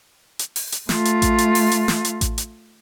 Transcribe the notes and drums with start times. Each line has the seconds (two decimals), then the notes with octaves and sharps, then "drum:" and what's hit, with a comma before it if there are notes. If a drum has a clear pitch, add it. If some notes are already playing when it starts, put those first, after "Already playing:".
0.39 drum: hi-hat
0.56 drum: open hi-hat
0.72 drum: hi-hat
0.89 A3 F4, drum: snare
1.05 drum: hi-hat
1.22 drum: kick A1, hi-hat
1.38 drum: hi-hat
1.55 drum: open hi-hat
1.72 drum: hi-hat
1.88 drum: snare
2.05 drum: hi-hat
2.21 drum: kick A1, hi-hat
2.38 drum: hi-hat